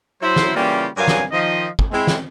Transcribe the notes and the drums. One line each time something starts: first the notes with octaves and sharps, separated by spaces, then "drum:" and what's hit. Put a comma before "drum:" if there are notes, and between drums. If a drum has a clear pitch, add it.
F#3 E4 C5
drum: snare
C#3 E3 G3 A#3 F4 G4
G2 F#3 A#4 F5 G#5
drum: snare
D#3 F3 D#5
drum: kick
G#3 C4 E4
drum: snare